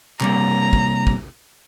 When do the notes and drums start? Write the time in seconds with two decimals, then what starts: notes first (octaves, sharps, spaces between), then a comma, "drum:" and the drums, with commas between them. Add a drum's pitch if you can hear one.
0.21 C3 G3 A#3 A#5, drum: clap
0.73 drum: kick
1.07 drum: kick